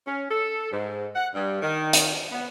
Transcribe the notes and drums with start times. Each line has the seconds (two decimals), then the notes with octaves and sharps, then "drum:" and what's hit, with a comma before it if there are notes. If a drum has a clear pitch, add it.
0.07 C#4
0.31 A4
0.72 G#2
1.16 F#5
1.35 G2
1.62 D#3
1.93 drum: hi-hat
2.32 B3